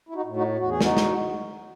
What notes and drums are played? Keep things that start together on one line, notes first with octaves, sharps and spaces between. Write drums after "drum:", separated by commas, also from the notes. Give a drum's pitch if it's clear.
E4
D#4 F#4
A2
D#4 F#4
E2 F#4
G#4
D#4 F#4, drum: snare
drum: snare